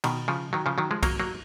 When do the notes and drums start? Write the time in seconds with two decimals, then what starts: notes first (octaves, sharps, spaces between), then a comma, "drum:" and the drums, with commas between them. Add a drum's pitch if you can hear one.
0.04 B2 D#3, drum: cymbal
0.28 C#3 F3
0.53 D#3 F#3
0.66 C#3 F3
0.78 D#3 F#3
0.91 F3 G#3
1.03 F#3 A#3, drum: kick, cymbal
1.20 F#3 A#3